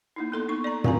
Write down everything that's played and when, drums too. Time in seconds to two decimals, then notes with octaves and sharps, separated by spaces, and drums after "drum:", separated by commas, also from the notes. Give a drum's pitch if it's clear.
0.16 A#3 D#4 E4
0.32 B3 A4 C6
0.49 D#4 C#6
0.64 D5 A#5
0.84 F#5 G#5 A#5, drum: tom